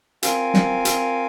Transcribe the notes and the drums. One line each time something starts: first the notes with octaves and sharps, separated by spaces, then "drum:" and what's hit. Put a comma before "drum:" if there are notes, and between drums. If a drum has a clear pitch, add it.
C4 F4 A#4 F5 G#5, drum: hi-hat
drum: snare
drum: hi-hat